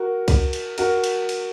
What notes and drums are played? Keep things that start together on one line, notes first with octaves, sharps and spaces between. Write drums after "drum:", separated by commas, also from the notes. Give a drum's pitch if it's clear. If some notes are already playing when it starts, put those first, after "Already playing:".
Already playing: F#4 A#4
drum: kick C2, cymbal
drum: cymbal
F#4 A#4, drum: cymbal
drum: cymbal
drum: cymbal